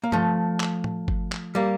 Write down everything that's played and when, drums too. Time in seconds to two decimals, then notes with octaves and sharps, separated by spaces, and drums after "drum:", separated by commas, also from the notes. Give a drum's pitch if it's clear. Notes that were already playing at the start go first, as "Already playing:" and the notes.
0.03 A#3
0.12 F3 A3, drum: tom G2
0.60 drum: clap
0.84 drum: tom A2
1.08 drum: kick G1
1.32 drum: clap
1.55 G3 A#3